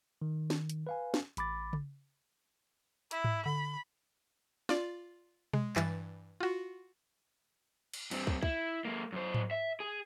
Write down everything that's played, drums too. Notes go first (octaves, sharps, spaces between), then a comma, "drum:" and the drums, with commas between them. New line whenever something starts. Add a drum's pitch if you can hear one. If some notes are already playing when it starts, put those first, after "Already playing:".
D#3
drum: snare
drum: hi-hat
B4 F5 G#5
drum: snare
A1 B5 D6 A6, drum: hi-hat
drum: tom C#3
E4, drum: hi-hat
drum: tom G#2
D3 B5
F4 D5, drum: snare
G#3, drum: tom B2
G2 E3 A6, drum: clap
F4 F#4
drum: cymbal
G2 C4, drum: cymbal
drum: kick
E4, drum: kick
G#3 A#3
F#2 C5
drum: tom G#2
E5
G#4